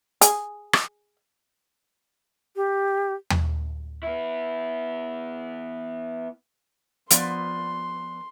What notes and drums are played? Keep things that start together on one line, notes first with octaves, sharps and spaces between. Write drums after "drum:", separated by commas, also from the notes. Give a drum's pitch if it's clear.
G#4, drum: hi-hat
drum: rim click
G4
drum: tom D#2
B3 E4
F3 B3 D5 C6, drum: hi-hat